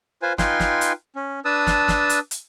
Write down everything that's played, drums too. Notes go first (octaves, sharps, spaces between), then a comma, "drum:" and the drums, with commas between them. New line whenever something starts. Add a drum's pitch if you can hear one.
F4 B4 C5 G#5
D#4 F4 B4 G5 G#5 C6, drum: snare
drum: snare
drum: hi-hat
C#4
D4 B4 A5 D#6 E6
drum: snare
drum: snare
drum: hi-hat
drum: hi-hat